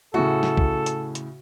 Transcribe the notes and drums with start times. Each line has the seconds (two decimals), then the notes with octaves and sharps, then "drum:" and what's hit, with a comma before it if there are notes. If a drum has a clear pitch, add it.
0.14 A2 C#3 F#4 A4
0.43 drum: snare
0.57 drum: kick
0.86 drum: hi-hat
1.15 drum: hi-hat